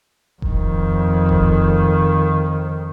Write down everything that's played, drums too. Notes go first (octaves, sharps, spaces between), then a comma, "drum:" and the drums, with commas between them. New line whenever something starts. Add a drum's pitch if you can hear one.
F2 D#3, drum: kick E1
drum: kick E1